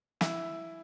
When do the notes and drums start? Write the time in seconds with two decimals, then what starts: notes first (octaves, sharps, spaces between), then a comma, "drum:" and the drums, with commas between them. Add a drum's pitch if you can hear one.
0.21 E4, drum: snare